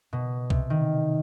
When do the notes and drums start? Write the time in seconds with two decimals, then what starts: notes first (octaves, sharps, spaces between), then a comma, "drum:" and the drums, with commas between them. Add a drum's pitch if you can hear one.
0.13 B2
0.50 C3, drum: kick C2
0.70 D#3